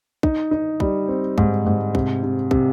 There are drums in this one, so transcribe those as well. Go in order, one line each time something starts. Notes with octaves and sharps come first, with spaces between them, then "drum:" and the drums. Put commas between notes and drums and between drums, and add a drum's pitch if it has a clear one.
D#4, drum: kick
D#4
G3, drum: kick
C4
G#2, drum: kick
G#2
C3, drum: kick
C3
C3, drum: kick